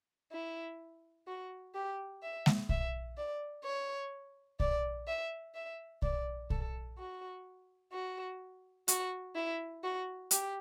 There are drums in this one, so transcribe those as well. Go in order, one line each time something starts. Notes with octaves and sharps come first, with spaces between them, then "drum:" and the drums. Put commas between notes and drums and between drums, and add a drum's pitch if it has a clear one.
E4
F#4
G4
E5
drum: snare G#3
E5, drum: kick
D5
C#5
D5, drum: kick
E5
E5
D5, drum: kick
A4, drum: kick
F#4
F#4
F#4, drum: hi-hat
E4
F#4
G4, drum: hi-hat